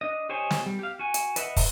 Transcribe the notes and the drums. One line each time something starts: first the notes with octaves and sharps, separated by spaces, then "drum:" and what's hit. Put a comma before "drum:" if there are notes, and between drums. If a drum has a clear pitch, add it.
D4 D#5
G4 C5 C#5 D#5 G#5
drum: snare
G3
G4 F5
F#4 G#5
drum: hi-hat
B4 D#5 E5 F#5 B5, drum: hi-hat
drum: kick, open hi-hat